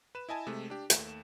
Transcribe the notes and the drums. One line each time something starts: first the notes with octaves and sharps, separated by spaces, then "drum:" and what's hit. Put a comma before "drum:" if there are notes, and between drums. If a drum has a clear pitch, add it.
B4 E7
E4 D#5 G#5 A5
C3 G#3 A3
D4 G4
D#2 A3 E7, drum: hi-hat